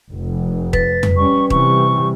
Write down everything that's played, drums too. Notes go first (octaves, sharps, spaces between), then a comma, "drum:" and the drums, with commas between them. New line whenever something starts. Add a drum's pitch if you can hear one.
F1
B4 A6, drum: kick D#1
drum: tom
G3 C#4 C#6
C3 E3 G3 C#6, drum: kick D#1